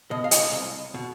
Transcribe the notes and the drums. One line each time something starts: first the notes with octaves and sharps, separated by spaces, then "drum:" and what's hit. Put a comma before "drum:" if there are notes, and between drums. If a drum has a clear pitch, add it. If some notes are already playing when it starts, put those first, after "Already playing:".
B2 D#5
F5
D#5, drum: hi-hat
C2
B2